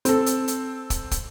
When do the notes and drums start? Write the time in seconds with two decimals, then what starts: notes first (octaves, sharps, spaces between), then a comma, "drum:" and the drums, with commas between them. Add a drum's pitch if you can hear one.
0.05 C4 A4, drum: hi-hat
0.26 drum: hi-hat
0.48 drum: hi-hat
0.90 drum: kick, hi-hat
1.11 drum: kick, hi-hat